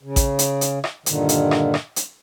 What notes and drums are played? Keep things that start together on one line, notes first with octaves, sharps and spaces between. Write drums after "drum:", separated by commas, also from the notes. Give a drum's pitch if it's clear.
C#3
drum: kick A1, hi-hat
drum: hi-hat
drum: hi-hat
drum: rim click
G2 A#2 D3 D#3, drum: hi-hat
drum: hi-hat
drum: rim click
drum: rim click
drum: hi-hat